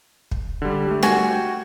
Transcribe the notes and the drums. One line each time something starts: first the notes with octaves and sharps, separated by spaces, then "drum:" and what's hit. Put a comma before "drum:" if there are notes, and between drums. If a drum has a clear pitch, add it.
drum: kick
D3 G3
G3 A3
F#4 G#5, drum: snare
G5